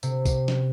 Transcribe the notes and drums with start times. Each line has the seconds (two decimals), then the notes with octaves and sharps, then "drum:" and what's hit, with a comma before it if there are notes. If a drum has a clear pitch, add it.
0.03 C3, drum: tambourine
0.25 drum: kick, tambourine
0.48 drum: snare